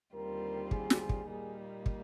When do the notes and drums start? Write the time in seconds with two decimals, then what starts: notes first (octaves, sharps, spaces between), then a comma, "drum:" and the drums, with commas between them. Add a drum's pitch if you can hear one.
0.14 D#2 D3 G3 C4 F4 A#4
0.71 G#4, drum: kick
0.90 drum: snare
1.00 G#4
1.09 drum: kick
1.29 A#2 G3 A#3 D#4 G#4
1.86 drum: kick